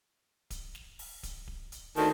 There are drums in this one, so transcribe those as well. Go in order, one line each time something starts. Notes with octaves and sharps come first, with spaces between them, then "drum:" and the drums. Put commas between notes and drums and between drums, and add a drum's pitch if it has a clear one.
drum: kick D1, hi-hat
drum: snare
drum: open hi-hat
drum: kick D1, hi-hat
drum: kick D1
drum: hi-hat
D2 D#3 A5, drum: open hi-hat